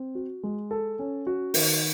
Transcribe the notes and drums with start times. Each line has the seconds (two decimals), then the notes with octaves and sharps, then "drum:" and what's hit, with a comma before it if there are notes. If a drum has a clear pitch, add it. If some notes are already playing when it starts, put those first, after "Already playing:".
Already playing: C4
0.15 F#4
0.43 G#3
0.71 A4
0.99 C#4
1.27 F#4
1.54 D#3, drum: open hi-hat